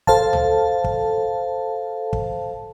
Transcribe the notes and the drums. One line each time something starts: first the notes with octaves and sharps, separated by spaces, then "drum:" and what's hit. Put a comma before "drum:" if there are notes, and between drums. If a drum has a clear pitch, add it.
A4 C5 F5 A5, drum: kick
drum: tom C#2
drum: kick
drum: kick